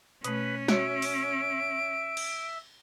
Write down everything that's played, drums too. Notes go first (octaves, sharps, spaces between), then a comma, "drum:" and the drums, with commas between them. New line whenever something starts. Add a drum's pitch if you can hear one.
B2 A3 C#4 B4 B5, drum: hi-hat
F#4 C#5 E5 D7, drum: snare
drum: open hi-hat
drum: cymbal